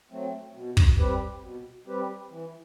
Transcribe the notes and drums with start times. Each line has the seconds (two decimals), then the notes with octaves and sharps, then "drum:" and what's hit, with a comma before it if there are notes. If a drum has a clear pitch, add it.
0.11 F#3 A3 C4
0.55 B2
0.77 drum: kick
0.98 G3 C4 G4 B4
1.42 B2
1.86 G3 C4 G4 B4
2.30 E3